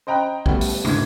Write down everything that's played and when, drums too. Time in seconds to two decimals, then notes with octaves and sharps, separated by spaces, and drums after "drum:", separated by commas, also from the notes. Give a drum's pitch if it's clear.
0.07 C5 D#5 G5 A#5 B5 F#6
0.46 G3 A3 B3, drum: kick A#1
0.61 drum: open hi-hat
0.85 E1 A#1 G#2 D3 G#6, drum: tom